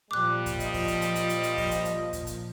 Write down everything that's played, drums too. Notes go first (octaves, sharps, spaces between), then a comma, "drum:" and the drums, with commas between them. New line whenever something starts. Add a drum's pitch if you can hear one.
A#2 F3 G3 D6 F#6
drum: kick, hi-hat
D#5, drum: hi-hat
drum: kick, open hi-hat
drum: hi-hat
drum: hi-hat
drum: hi-hat
drum: hi-hat
drum: hi-hat
drum: kick, open hi-hat
drum: hi-hat
drum: hi-hat
drum: kick, hi-hat
drum: hi-hat